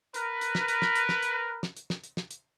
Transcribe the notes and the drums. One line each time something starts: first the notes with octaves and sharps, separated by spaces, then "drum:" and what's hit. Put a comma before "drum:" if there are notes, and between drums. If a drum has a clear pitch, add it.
A#4 B4, drum: hi-hat
drum: hi-hat
drum: snare
drum: hi-hat
drum: snare
drum: hi-hat
drum: snare
drum: hi-hat
drum: snare
drum: hi-hat
drum: snare
drum: hi-hat
drum: snare
drum: hi-hat